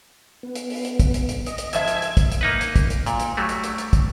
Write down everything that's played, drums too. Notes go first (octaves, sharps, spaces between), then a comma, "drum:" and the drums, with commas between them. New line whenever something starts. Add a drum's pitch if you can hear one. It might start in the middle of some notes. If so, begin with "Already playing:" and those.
B3
drum: hi-hat
drum: open hi-hat
drum: hi-hat
drum: kick, hi-hat
drum: hi-hat
drum: hi-hat
D#5, drum: hi-hat
drum: hi-hat
G#2 F3 E5 E6 G#6, drum: hi-hat
drum: hi-hat
drum: hi-hat
drum: kick, hi-hat
drum: hi-hat
A#3 D#4 B4
drum: hi-hat
drum: kick, hi-hat
drum: hi-hat
A#2, drum: hi-hat
drum: hi-hat
F#3 G3 A3
drum: hi-hat
drum: hi-hat
drum: hi-hat
drum: kick, hi-hat